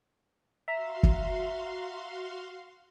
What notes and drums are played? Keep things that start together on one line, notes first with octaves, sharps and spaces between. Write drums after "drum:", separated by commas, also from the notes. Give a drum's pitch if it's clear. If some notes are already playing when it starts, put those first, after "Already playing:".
F#4 E5 F5 A#5 C6
drum: kick